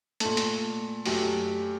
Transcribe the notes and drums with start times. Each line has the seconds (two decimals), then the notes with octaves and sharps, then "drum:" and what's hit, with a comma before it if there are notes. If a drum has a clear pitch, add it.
0.20 A#2 A3 A4, drum: hi-hat
0.37 drum: hi-hat
1.06 F#2 F#3 A3 G4, drum: open hi-hat